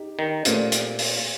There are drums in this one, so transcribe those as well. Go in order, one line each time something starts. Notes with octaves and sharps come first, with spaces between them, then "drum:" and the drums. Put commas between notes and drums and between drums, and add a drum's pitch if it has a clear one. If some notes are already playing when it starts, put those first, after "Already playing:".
Already playing: D#4 G4
D#3
A#2 A3 C4 G4 D5, drum: hi-hat
drum: hi-hat
drum: open hi-hat